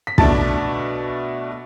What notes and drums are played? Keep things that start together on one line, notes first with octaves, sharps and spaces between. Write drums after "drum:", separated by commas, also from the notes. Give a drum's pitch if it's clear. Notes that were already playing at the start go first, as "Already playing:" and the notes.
B6
B2 A3 D4 A5 A6, drum: kick